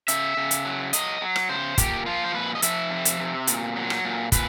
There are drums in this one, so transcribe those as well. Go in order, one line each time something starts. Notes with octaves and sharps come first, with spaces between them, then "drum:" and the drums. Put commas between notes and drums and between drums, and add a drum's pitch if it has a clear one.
C#3 E5, drum: hi-hat
C#3
drum: hi-hat
F#3
F#3 D#5, drum: hi-hat
F#3
drum: rim click
C#3 C5
A#2 G4, drum: kick, hi-hat
F3 F4
C5
A#2 B4
D#5
F3 E5, drum: hi-hat
C3
drum: hi-hat
C3
A#2, drum: hi-hat
F#3
drum: rim click
A#2
A#2 B4, drum: kick, hi-hat